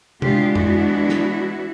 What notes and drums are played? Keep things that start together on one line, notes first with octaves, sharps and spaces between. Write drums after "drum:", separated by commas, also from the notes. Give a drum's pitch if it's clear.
E3 G#3 B3 D4 F4 G4, drum: tom C3
E4 F#4, drum: tom F2
drum: snare